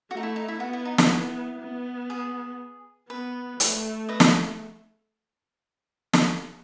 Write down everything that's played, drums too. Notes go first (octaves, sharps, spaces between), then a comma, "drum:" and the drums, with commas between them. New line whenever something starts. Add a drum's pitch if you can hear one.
A3 F#4
D#4
E4
D#4
E4
B3 F#4
E4
D#4
E4, drum: snare
B3
G#4
B3 B4
A3, drum: hi-hat
B4 D#5
drum: snare
drum: snare